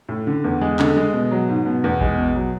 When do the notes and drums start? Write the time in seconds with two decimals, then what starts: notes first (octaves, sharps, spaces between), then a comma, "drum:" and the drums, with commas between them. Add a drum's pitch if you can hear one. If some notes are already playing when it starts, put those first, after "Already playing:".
0.09 A2
0.27 D3
0.44 E2
0.61 G#3
0.79 D3, drum: clap
0.96 G#3
1.13 B2
1.31 F#3
1.49 G#2
1.66 B2
1.84 E2
2.01 G#3, drum: kick A1
2.18 B2
2.36 F#3